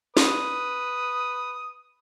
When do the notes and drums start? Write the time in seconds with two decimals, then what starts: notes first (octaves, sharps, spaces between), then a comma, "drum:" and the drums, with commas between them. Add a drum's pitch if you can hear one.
0.17 B4 D#6, drum: snare